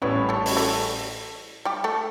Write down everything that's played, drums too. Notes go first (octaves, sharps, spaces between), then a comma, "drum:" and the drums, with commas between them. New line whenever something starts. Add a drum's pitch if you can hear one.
A1 A2 G3 B3 C#4 E4 B4
A3 A4
drum: open hi-hat
A3 A4
G3 G4
A3 A4